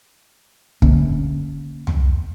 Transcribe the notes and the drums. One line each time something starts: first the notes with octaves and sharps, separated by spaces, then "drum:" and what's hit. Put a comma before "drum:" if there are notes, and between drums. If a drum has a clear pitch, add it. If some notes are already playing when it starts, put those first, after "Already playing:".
D3 A#3 C#4, drum: kick
drum: tom